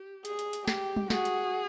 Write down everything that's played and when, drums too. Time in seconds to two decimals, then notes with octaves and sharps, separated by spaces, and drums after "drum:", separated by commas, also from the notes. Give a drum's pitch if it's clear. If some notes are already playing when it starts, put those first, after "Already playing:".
Already playing: G4
0.25 G#4, drum: hi-hat
0.39 drum: hi-hat
0.53 drum: hi-hat
0.68 G4, drum: snare
0.96 drum: tom G3
1.10 F#4 G#4, drum: snare
1.25 drum: hi-hat